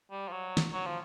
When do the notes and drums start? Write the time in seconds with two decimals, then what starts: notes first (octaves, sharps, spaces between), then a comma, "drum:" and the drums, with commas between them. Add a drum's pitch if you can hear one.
0.11 G3
0.28 F3
0.32 F#3
0.57 drum: snare
0.73 F#3
0.86 F3